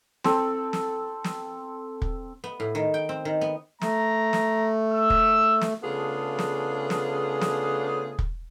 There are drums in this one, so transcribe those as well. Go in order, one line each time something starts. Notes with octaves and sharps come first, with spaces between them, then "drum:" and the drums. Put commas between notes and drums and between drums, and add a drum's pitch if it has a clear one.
C4 A4, drum: snare
drum: snare
drum: snare
drum: kick
B3
A2
D#3
G5
C4
D#3
B3
A3 A#5, drum: snare
drum: snare
E6
drum: kick
drum: snare
C#3 A3 B3 D4 F4 G#4
drum: snare
drum: snare
drum: snare
drum: kick